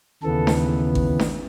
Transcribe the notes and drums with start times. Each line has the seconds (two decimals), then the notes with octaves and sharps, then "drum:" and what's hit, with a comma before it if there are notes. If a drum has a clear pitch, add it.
0.23 D#2 C#3 E3 B3 A4
0.47 drum: snare D4
0.95 drum: kick G#1
1.19 drum: snare D4